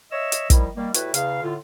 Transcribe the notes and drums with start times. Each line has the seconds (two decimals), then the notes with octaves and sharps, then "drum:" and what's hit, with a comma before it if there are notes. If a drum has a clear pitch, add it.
0.12 C#5 D#5 E5 E6
0.32 drum: hi-hat
0.50 D#3 F3 G3 E4, drum: kick, hi-hat
0.77 D#3 G3 A#3
0.94 A2 G3 E4 F#4 B4, drum: hi-hat
1.14 E2 C#3 F5, drum: hi-hat
1.43 A2 D3 F4